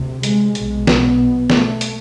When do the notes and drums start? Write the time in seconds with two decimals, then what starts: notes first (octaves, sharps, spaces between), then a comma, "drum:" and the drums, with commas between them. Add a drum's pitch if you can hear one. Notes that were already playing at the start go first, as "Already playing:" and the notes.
Already playing: D2 C3
0.23 G#3, drum: hi-hat
0.55 B1 B2, drum: hi-hat
0.87 B3, drum: snare
1.50 A3, drum: snare
1.81 drum: hi-hat